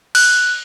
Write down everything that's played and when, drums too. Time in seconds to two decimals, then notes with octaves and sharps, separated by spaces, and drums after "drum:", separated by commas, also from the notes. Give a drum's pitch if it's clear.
0.15 F#6, drum: cymbal